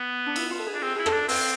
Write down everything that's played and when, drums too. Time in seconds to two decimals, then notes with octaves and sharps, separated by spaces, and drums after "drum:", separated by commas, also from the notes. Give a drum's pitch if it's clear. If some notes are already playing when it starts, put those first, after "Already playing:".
Already playing: B3
0.26 D4
0.36 E4, drum: cymbal
0.51 F4
0.59 A4
0.66 G#4
0.74 D4
0.82 C4 G#4
0.96 E4 G#4
1.06 C4 A4, drum: rim click
1.13 D4
1.29 C4 B4, drum: open hi-hat